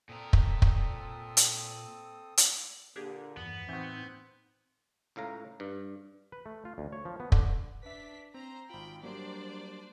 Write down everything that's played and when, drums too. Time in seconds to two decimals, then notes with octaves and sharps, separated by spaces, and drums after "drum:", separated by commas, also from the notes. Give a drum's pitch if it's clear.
0.09 A#2 C4 A4 A#4 D#6
0.33 drum: kick
0.62 drum: kick
1.37 drum: hi-hat
2.37 drum: hi-hat
2.96 A#2 D3 A#3 D4 G4 G#4
3.37 E2 G2 E3 B3
3.68 A2 E3 F#3 C4 D#4 G6
5.16 C#2 A2 F5 A#5
5.60 G2
6.32 B4
6.46 A3
6.65 F4
6.78 D2
6.92 C#5
7.05 F3
7.20 B3
7.32 D3, drum: kick
7.83 D4 B4 E5 B6
8.34 C4 C5 A#5
8.70 G#1 F4 G5 B5
9.03 F#3 G3 A#3 D4 C5 D5